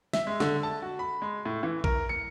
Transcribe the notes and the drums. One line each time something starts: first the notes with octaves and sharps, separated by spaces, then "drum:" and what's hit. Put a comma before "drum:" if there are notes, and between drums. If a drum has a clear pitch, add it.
E5, drum: snare
G#3
D3, drum: snare
A5
F#4
B5
G#3
A2
E3
A#4, drum: kick A#1
C#7